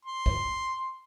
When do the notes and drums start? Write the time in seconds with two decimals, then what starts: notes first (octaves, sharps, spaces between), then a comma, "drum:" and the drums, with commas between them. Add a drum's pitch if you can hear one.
0.05 C6
0.26 drum: kick